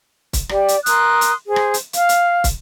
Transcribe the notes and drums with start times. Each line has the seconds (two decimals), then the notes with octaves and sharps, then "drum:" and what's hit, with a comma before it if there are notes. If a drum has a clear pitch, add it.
0.33 drum: kick, hi-hat
0.49 G4 D5, drum: rim click
0.68 drum: hi-hat
0.86 A#4 C6 D#6 F#6, drum: hi-hat
1.21 drum: hi-hat
1.47 G#4 C5
1.56 drum: rim click
1.74 drum: hi-hat
1.93 F5, drum: hi-hat
2.09 drum: hi-hat
2.44 drum: kick, hi-hat